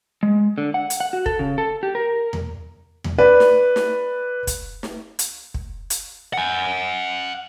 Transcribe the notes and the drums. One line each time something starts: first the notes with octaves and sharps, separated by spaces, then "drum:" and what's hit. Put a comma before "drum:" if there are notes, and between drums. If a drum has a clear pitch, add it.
G#3
D3
F#5
drum: hi-hat
F#5
F#4
A4, drum: kick
C#3
A4
G4
A#4
drum: tom E2
drum: tom E2
B4 D5
drum: snare
drum: snare
drum: kick, hi-hat
drum: snare
drum: hi-hat
drum: kick
drum: hi-hat
F#5 G#5